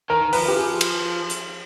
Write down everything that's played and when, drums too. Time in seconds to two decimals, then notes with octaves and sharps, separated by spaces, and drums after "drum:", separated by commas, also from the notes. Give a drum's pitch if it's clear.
0.10 D#3 A#4
0.33 F3 B4, drum: open hi-hat
0.48 G4
0.57 G#4
0.81 drum: cymbal
1.30 drum: hi-hat